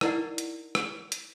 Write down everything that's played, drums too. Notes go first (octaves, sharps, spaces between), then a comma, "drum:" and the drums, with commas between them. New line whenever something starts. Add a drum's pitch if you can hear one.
D#4 E4 A#4 D5 D#5 F#5, drum: rim click
drum: hi-hat
drum: rim click
drum: hi-hat